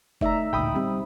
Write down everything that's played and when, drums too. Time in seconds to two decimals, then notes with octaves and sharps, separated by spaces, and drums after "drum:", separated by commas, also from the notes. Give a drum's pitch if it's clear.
0.21 A3 D#4 D5 E5 A#5, drum: kick F#1
0.53 A1 D2 A#2 G5 B5 D#6
0.76 G3 C4